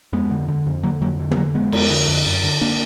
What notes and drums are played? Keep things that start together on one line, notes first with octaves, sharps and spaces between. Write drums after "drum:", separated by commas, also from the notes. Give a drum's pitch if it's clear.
F2 G#3 B3
D3
D3
F2
D3 F#3 A#3
F2 F#3 A#3
D3
B3, drum: tom
D3 F#3 A#3
F2 G#3 B3
F2, drum: cymbal
D3
F2
F#2
D3
D3 A#3 D4